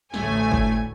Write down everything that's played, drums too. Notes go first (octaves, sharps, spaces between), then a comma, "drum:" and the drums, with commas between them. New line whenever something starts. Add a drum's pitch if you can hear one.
A1 D2 A2 A3 G#5, drum: snare
drum: kick G1